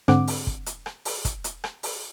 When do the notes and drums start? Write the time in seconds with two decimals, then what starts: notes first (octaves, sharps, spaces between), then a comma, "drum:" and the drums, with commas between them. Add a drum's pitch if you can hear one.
0.08 G#2 D3 C4 F#5 D6, drum: rim click
0.27 drum: open hi-hat
0.47 drum: kick
0.66 drum: hi-hat
0.86 drum: rim click
1.05 drum: open hi-hat
1.25 drum: kick, hi-hat
1.44 drum: hi-hat
1.64 drum: rim click
1.83 drum: open hi-hat